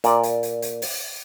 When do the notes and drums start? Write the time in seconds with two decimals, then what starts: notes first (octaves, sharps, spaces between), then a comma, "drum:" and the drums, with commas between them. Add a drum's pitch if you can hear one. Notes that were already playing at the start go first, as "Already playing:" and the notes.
0.04 A#2 D5, drum: hi-hat
0.23 drum: hi-hat
0.43 drum: hi-hat
0.62 drum: hi-hat
0.82 drum: open hi-hat